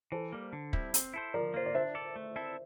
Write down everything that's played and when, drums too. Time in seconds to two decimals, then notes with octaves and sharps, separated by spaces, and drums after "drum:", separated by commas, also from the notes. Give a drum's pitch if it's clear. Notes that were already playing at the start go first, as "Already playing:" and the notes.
0.12 E3 A4 C5
0.33 G3 A#3
0.53 D3
0.73 G3 C4 E4, drum: kick
0.94 C4, drum: hi-hat
1.14 E4 A4 C5
1.34 F3 A#4 D5
1.54 A#3 F4 C5
1.66 D5
1.75 D4 C5 E5
1.95 A4 D5
2.16 A3
2.36 C4 E4 A4 E5